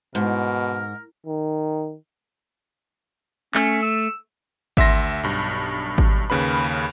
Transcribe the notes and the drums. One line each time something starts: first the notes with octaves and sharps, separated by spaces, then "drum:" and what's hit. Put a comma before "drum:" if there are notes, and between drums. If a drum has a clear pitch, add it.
G#2 B2 A#4, drum: hi-hat
D#3
A3 C#4, drum: clap
E6
D2 E5 C6 A#6, drum: kick G#1
B1 G2
drum: kick G#1
D#2 C#3 B4 B5
drum: cymbal